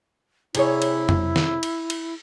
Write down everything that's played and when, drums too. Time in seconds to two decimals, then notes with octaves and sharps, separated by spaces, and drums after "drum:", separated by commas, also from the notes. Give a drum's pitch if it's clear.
0.55 C3 E4 G#4 C#5, drum: cymbal
0.82 drum: cymbal
1.09 drum: tom
1.36 drum: snare
1.63 drum: cymbal
1.90 drum: cymbal